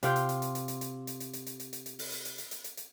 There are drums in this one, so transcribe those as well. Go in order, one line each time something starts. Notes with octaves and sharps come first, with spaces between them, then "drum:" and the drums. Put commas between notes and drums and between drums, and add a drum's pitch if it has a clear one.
C3 F4 G5, drum: hi-hat
drum: hi-hat
drum: hi-hat
drum: hi-hat
drum: hi-hat
drum: hi-hat
drum: hi-hat
drum: hi-hat
drum: hi-hat
drum: hi-hat
drum: hi-hat
drum: hi-hat
drum: hi-hat
drum: hi-hat
drum: open hi-hat
drum: hi-hat
drum: hi-hat
drum: hi-hat
drum: hi-hat
drum: hi-hat
drum: hi-hat